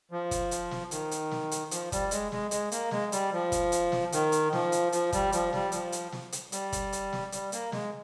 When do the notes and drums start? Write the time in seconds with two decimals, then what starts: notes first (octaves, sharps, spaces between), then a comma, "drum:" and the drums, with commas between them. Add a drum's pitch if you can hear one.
0.11 F3
0.31 drum: kick, hi-hat
0.51 drum: hi-hat
0.71 drum: snare
0.91 D#3, drum: hi-hat
1.11 drum: hi-hat
1.31 drum: snare
1.51 drum: hi-hat
1.71 F3, drum: hi-hat
1.92 G3, drum: kick, hi-hat
2.11 G#3, drum: hi-hat
2.32 G#3, drum: snare
2.51 G#3, drum: hi-hat
2.72 A#3, drum: hi-hat
2.91 G#3, drum: snare
3.12 G3, drum: hi-hat
3.32 F3
3.52 drum: kick, hi-hat
3.72 drum: hi-hat
3.92 drum: snare
4.12 D#3, drum: hi-hat
4.32 drum: hi-hat
4.53 F3, drum: snare
4.72 drum: hi-hat
4.92 F3, drum: hi-hat
5.12 G3, drum: kick, hi-hat
5.32 F3, drum: hi-hat
5.53 G3, drum: snare
5.72 F3, drum: hi-hat
5.92 drum: hi-hat
6.12 drum: snare
6.32 drum: hi-hat
6.52 G3, drum: hi-hat
6.73 drum: kick, hi-hat
6.93 drum: hi-hat
7.13 drum: snare
7.32 G3, drum: hi-hat
7.52 A#3, drum: hi-hat
7.72 G#3, drum: snare